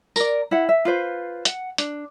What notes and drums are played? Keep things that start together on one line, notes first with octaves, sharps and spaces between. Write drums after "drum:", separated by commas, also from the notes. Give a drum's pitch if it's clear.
A#4 D5, drum: tambourine
E4 F#5
E5
F4 B4 C5
F#5, drum: hi-hat
D4, drum: hi-hat